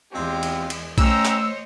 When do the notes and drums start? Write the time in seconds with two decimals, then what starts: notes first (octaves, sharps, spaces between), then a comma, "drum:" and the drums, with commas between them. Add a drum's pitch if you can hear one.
0.12 E2 G#3 C4 F4 G4
0.43 drum: cymbal
0.70 drum: cymbal
0.98 A3 C#4 C5 C#5 D#5 G5 A#5 E6, drum: kick B1, cymbal
1.25 drum: clap